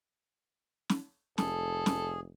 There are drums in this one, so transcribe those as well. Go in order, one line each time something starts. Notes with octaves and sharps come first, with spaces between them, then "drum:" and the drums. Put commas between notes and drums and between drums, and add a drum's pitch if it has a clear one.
drum: snare
F1 G#4 A4, drum: snare
drum: snare